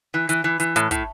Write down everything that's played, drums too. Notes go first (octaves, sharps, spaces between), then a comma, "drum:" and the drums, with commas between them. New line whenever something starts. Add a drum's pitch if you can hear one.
E3
E3, drum: hi-hat
E3
E3, drum: hi-hat
A2, drum: hi-hat
A2, drum: kick, hi-hat